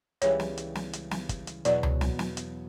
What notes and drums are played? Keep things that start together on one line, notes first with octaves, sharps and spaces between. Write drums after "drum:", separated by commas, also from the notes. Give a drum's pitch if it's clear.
C#2 C#3 E3 G3 C#5, drum: hi-hat
drum: snare
drum: hi-hat
drum: snare
drum: hi-hat
drum: snare
drum: kick, hi-hat
drum: hi-hat
E2 B2 F#3 D5, drum: hi-hat
drum: tom C#2
drum: snare
drum: snare
drum: hi-hat